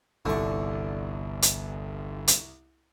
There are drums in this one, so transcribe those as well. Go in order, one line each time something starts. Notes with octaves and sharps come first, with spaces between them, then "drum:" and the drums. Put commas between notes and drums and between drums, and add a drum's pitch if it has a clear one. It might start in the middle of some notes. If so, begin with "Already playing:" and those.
G1 C2 D3 C#6
drum: hi-hat
drum: hi-hat